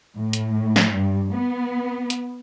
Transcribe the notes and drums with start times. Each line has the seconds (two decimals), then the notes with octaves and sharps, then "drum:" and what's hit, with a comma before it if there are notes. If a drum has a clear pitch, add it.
0.18 A2
0.33 drum: hi-hat
0.76 drum: snare
0.94 G2
1.33 B3
2.10 drum: hi-hat